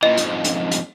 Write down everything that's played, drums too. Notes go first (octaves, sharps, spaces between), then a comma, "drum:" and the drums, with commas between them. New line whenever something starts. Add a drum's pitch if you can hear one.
A#2 E3 D#5
F2 G#2, drum: hi-hat
drum: hi-hat
drum: hi-hat